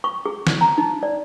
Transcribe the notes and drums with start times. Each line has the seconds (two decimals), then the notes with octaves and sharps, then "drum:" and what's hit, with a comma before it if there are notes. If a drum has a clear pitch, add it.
0.04 C#6
0.26 G#4
0.47 drum: snare
0.61 A#5
0.78 D#4
1.03 D5